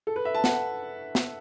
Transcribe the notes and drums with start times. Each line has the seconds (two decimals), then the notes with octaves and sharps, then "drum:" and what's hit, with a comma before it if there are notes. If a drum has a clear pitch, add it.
0.07 A4
0.16 B4
0.25 E5
0.34 A5
0.44 F#5, drum: snare
1.15 drum: snare